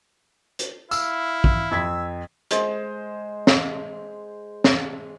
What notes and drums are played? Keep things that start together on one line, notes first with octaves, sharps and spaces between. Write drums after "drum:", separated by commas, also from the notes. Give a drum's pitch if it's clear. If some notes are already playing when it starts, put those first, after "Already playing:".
drum: hi-hat
E4 F5 E6, drum: tambourine
drum: kick
F2 E6 G#6 B6
G#3 C5, drum: hi-hat
drum: snare
drum: snare